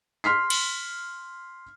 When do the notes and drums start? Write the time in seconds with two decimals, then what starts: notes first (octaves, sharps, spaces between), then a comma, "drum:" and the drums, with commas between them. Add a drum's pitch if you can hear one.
0.24 C6 F6 B6 C7
0.50 drum: cymbal